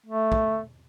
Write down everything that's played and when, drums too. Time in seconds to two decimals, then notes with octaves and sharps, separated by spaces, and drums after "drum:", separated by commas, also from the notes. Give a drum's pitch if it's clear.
0.06 A3
0.32 drum: kick